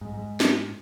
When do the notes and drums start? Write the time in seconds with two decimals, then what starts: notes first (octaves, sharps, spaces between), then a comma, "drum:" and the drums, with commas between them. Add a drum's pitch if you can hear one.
0.01 G#2
0.14 G#2
0.40 drum: snare